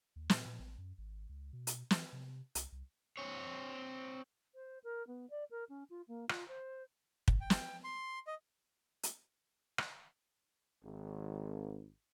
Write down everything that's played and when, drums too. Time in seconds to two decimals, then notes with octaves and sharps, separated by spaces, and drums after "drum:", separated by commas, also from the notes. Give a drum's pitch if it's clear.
0.16 D#2
0.30 A#2, drum: snare
0.45 A#2
0.59 A1
0.78 F#2
0.98 G#1
1.29 C#2
1.53 B2
1.67 drum: hi-hat
1.91 E3, drum: snare
2.13 C3
2.55 C2, drum: hi-hat
2.72 C2
3.17 C4 C#5
4.55 C5
4.84 A#4
5.07 B3
5.30 D5
5.51 A#4
5.69 C#4
5.90 F4
6.08 A#3
6.29 F4, drum: rim click
6.48 C5
7.28 drum: kick
7.41 G5
7.50 drum: snare
7.84 C6
8.27 D#5
9.03 drum: hi-hat
9.78 drum: rim click
10.84 G#1